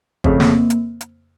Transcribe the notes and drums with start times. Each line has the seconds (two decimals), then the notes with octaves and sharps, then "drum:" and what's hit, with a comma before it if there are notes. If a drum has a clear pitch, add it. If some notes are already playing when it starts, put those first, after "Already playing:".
0.24 F2 C#3 A3 C4, drum: kick
0.40 A#3, drum: snare
0.70 drum: hi-hat
1.01 drum: hi-hat